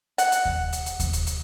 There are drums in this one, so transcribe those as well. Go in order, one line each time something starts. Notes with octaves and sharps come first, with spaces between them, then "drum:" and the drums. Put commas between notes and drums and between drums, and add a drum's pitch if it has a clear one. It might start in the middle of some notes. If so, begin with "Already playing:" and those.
F#5, drum: hi-hat
drum: hi-hat
drum: kick D#2
drum: hi-hat
drum: hi-hat
drum: kick D#2, hi-hat
drum: hi-hat
drum: hi-hat